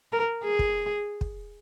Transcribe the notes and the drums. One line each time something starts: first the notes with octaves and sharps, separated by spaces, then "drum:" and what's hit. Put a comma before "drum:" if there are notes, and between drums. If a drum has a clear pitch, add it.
A#4
G#4
drum: kick
drum: kick